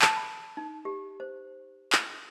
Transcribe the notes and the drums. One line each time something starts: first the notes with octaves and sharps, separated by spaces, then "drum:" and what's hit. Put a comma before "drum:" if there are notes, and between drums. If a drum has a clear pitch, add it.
A5, drum: clap
B5
D#4
G4
C5
drum: clap